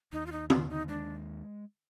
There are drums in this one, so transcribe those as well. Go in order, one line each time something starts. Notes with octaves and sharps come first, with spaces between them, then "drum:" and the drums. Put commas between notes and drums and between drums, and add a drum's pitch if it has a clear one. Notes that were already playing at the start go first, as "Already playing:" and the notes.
D#2 D#4
F4
D#4
D#2 F4, drum: tom D3
D#4
G#3 D4